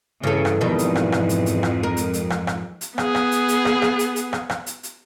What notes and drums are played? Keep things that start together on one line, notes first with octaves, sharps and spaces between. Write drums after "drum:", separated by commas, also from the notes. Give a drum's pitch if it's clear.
G2 C#3 E3 A4
drum: rim click
F2 G#2 B2 D#3 G3
drum: hi-hat
drum: rim click
drum: rim click
drum: hi-hat
drum: hi-hat
drum: rim click
A#4
drum: hi-hat
drum: hi-hat
drum: rim click
drum: rim click
drum: hi-hat
B3 G#4, drum: rim click
drum: rim click
drum: hi-hat
drum: hi-hat
drum: rim click
drum: rim click
drum: hi-hat
drum: hi-hat
drum: rim click
drum: rim click
drum: hi-hat
drum: hi-hat